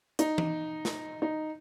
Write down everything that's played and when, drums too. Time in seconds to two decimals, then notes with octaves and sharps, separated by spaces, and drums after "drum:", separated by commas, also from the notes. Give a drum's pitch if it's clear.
0.19 D#4, drum: hi-hat
0.38 drum: tom E3
0.85 drum: snare
1.22 D#4